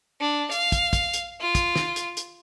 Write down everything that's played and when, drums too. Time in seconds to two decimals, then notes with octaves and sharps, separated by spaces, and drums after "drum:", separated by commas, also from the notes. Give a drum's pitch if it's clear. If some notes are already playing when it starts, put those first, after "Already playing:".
0.21 D4
0.52 F5, drum: hi-hat
0.72 drum: kick, hi-hat
0.93 drum: kick, hi-hat
1.14 drum: hi-hat
1.40 F4
1.55 drum: kick, hi-hat
1.76 drum: snare
1.96 drum: hi-hat
2.17 drum: hi-hat